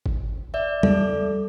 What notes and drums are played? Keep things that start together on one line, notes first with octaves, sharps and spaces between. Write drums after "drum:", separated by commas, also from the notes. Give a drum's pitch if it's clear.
drum: kick G1
D5 E5
G3 A4 D5, drum: tom E2